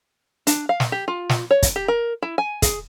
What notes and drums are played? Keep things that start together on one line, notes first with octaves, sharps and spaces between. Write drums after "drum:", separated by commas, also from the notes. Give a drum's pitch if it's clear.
D4, drum: hi-hat
F5
drum: snare
G4
F4
drum: snare
C#5
drum: kick, hi-hat
G4
A#4
E4
G#5
G#4, drum: kick, hi-hat